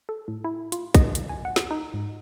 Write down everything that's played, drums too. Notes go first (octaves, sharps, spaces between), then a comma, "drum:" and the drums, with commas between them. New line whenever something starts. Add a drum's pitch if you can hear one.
A4
A2
E4
F4, drum: hi-hat
D#5, drum: kick, hi-hat
drum: hi-hat
G#5
F#5
drum: snare
D#4
G#2